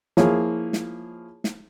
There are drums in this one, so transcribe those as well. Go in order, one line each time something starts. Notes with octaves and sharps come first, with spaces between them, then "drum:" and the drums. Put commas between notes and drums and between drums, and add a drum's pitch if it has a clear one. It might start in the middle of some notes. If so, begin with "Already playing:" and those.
F3 A#3 E4 G#4 C#5, drum: snare
drum: snare
drum: snare